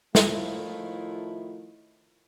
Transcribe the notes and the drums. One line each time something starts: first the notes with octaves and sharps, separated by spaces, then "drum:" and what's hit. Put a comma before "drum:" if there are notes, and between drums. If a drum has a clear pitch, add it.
A2 D#3 F3 A3 E4 F4, drum: snare